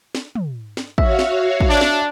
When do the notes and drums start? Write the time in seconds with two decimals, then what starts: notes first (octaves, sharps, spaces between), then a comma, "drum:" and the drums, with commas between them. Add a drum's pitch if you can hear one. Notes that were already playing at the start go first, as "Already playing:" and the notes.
0.15 drum: snare
0.35 drum: tom
0.77 drum: snare
0.98 F#4 C#5 E5 F5, drum: kick
1.19 drum: snare
1.60 drum: kick
1.70 D4
1.81 drum: snare